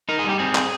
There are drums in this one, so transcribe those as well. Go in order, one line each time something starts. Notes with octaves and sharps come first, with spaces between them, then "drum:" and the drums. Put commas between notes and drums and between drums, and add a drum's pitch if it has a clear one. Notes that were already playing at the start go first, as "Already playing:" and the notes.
D#4 A#4
G#4
G3 G4
C4 G#4
drum: clap